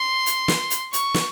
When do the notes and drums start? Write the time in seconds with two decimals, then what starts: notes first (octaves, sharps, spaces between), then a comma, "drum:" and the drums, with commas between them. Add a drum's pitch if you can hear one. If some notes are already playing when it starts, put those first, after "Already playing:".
Already playing: C6
0.26 drum: hi-hat
0.48 drum: snare
0.70 drum: hi-hat
0.93 C#6, drum: hi-hat
1.14 drum: snare